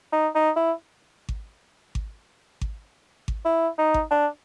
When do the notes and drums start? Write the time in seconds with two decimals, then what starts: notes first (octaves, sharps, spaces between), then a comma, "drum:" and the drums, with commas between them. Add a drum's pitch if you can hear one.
0.12 D#4
0.35 D#4
0.56 E4
1.29 drum: kick G#1
1.95 drum: kick G#1
2.61 drum: kick G#1
3.28 drum: kick G#1
3.45 E4
3.78 D#4
3.94 drum: kick G#1
4.11 D4